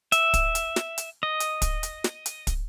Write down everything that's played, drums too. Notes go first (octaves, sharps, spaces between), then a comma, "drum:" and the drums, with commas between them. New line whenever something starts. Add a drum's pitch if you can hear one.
E5, drum: hi-hat
drum: kick, hi-hat
drum: hi-hat
drum: snare
drum: hi-hat
D#5
drum: hi-hat
drum: kick, hi-hat
drum: hi-hat
drum: snare
drum: hi-hat
drum: kick, hi-hat